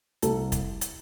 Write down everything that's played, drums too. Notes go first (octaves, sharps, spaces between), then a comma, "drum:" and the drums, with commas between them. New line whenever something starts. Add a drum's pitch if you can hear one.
C2 A4, drum: hi-hat
drum: kick, hi-hat
drum: hi-hat